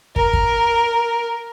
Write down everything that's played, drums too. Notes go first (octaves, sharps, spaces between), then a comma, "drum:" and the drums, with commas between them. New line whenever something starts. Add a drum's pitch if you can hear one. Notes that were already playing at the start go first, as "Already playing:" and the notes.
A#4, drum: kick
drum: kick